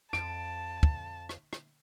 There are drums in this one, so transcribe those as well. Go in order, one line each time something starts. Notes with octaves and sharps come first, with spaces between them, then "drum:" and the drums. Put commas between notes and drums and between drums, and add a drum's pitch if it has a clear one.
F2 A5 D7, drum: rim click
drum: kick
drum: rim click
drum: rim click